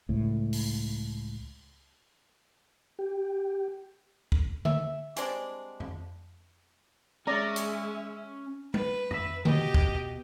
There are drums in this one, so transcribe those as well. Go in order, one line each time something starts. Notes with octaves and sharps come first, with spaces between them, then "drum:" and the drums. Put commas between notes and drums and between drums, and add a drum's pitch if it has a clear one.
C#2 A2
drum: open hi-hat
G4
drum: kick
E5, drum: tom D3
G3 G#3 C4 D4, drum: hi-hat
drum: tom F2
G#3 C#4 D5 E5 A#5
drum: hi-hat
B4, drum: tom G3
D#5 E5, drum: tom F2
B2 G4 D#5, drum: tom D3
drum: kick